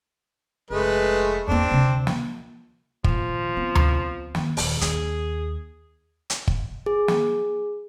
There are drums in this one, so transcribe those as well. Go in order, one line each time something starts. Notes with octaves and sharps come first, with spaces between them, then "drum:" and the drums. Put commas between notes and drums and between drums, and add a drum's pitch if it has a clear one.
F1 G#3 A3 B4
E2 A#3 C4 D4
D2 C3
drum: snare
D#2 A#2 F3, drum: kick
B3 C4
drum: tom D2
D#3, drum: snare
D#1 D#3, drum: open hi-hat
D#2 D#4 G#4, drum: hi-hat
drum: hi-hat
drum: kick
G#4
drum: snare